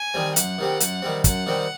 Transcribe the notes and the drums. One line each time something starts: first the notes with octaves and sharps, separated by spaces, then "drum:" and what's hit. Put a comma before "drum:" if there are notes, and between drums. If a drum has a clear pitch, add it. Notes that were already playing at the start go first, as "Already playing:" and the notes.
Already playing: G#5
D#3 G3 C4
F#2 F#5, drum: hi-hat
D#3 G3 C4
F#2, drum: hi-hat
D#3 G3 C4
F#2 F#5, drum: kick, hi-hat
D#3 G3 C4